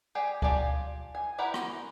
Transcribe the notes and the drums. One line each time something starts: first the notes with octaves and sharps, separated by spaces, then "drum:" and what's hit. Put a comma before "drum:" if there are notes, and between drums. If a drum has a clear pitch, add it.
G4 G#4 D5
F4 G4 D5 G#5 A5, drum: kick D2
G#5
E4 G4 A#4 B4 F#5
drum: rim click